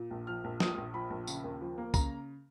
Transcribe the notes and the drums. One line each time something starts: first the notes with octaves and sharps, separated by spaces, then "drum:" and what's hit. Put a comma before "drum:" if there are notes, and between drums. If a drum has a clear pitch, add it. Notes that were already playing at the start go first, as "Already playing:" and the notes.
Already playing: A#2
A#1
F3 F6
A#1
A#2 D#6, drum: snare
A#1
F3 B5
A#1
C#3, drum: tambourine
D#2
F3
A#3
C#3 A#5, drum: kick, tambourine